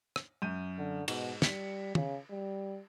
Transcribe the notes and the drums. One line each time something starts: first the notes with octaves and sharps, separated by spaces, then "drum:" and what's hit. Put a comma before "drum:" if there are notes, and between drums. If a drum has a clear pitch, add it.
drum: rim click
F#2 G6 D#7
D3
G#2 B2, drum: cymbal
G3 B6 C#7, drum: snare
C#3, drum: tom
G3